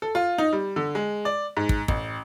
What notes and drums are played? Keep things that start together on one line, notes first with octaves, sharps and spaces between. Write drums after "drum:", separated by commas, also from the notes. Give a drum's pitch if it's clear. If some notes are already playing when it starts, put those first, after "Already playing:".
A4
F4
D#4
G3
D3
G#3
D5
G#2
drum: kick
A1, drum: kick